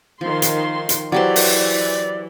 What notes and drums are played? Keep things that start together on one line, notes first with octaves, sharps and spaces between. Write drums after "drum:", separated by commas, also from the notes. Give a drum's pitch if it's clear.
D#3 F3 C6
drum: hi-hat
drum: hi-hat
E3 F#3 G4 C5 D5
drum: open hi-hat